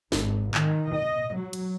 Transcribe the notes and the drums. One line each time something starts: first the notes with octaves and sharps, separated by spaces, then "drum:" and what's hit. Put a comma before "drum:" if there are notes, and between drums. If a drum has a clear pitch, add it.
G#1, drum: snare
D#3, drum: clap
D#5
F#3
drum: cymbal